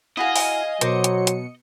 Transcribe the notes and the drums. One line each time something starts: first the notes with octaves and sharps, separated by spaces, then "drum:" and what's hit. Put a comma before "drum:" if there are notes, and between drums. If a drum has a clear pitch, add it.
E4 F#4 G#4 D#5 F5 G#5
drum: open hi-hat
B2 F#3 A#4 C5 D6 C#7, drum: hi-hat
drum: hi-hat
drum: hi-hat